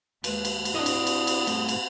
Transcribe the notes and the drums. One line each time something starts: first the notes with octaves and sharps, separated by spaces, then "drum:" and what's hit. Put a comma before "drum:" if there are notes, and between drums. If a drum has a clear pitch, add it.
D#2 G#3 B4, drum: cymbal
drum: cymbal
drum: cymbal
C4 D4 E4 C#5 D#5 D#6
drum: cymbal
drum: cymbal
drum: cymbal
G2 A3, drum: cymbal
drum: cymbal